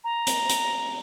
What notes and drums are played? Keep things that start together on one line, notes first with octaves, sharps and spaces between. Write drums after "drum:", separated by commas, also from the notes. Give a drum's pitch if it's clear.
A#5
drum: hi-hat
drum: hi-hat